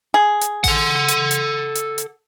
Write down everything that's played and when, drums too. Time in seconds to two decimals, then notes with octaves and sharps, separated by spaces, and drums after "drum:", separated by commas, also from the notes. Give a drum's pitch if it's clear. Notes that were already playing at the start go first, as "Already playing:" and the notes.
0.14 G#4
0.41 drum: hi-hat
0.64 A4 F#5, drum: kick A1, open hi-hat
1.08 drum: hi-hat
1.31 drum: hi-hat
1.75 drum: hi-hat
1.98 drum: hi-hat